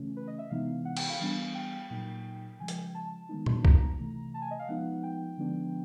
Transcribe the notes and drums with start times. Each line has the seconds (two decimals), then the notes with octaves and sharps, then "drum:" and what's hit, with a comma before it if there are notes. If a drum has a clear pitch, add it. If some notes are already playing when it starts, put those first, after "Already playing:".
Already playing: C#3 E3 A3 C#4
0.17 B4
0.27 D#5
0.39 E5
0.50 C3 E3 G#3 B3 D#4 F5
0.85 F#5
0.97 G5, drum: cymbal
1.09 F5
1.20 E3 G3 B3 D4
1.55 G5
1.90 A#2 F#3 A#3 D#4 G5
2.59 C#3 F3 G#3 G#5
2.68 G5, drum: hi-hat
2.77 G#5
2.95 A5
3.29 D#3 G#3 B3 D#4
3.46 drum: tom A#2
3.65 A#5, drum: kick
3.99 C3 E3 A3
4.34 A5
4.42 G#5
4.51 D#5
4.59 F5
4.68 F3 G#3 B3 D#4 F#5
5.03 G5
5.38 D3 F3 G#3 B3 D4